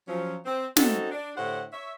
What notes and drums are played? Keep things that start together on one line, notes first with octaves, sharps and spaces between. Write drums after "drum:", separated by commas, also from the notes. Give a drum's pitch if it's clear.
F3 F#3 C#4
C4
A3 C4 C#4 D#4 F#4 A4, drum: snare
D4
A2 D3 G4 C5 F#5
C#5 E5